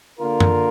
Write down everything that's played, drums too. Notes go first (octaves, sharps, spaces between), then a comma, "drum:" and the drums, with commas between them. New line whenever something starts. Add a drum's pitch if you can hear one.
D3 A#3 F4 A#4
drum: tom F#2